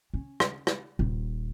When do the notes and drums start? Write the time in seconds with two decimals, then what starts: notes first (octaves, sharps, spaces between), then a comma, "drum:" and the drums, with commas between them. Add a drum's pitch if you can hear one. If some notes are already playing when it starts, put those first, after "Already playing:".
0.14 C#4
0.40 drum: rim click
0.67 drum: rim click
0.99 D#1